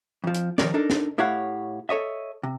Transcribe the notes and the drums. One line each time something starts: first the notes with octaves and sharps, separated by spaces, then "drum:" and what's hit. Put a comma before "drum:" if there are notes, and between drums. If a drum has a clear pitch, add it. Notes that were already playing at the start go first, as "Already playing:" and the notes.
F2 F3
drum: hi-hat
D#3 F3 B3 A#4 C#5 D5, drum: snare
D4 D#4 A4 A#4
drum: snare
A2 E4 G4 C#5 F5 F#5
A4 C#5 D#5 E5
C3